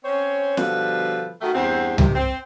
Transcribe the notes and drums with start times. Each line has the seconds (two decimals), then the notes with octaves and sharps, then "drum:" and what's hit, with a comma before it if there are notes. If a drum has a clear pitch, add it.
0.04 C4 C#4 C5 C#5
0.57 B2 D3 F3 G3 A4 B4, drum: snare
1.41 D#3 A3 F#4
1.53 E2 G2 B3 C4
1.98 C3 D#3, drum: tom C#2
2.15 C4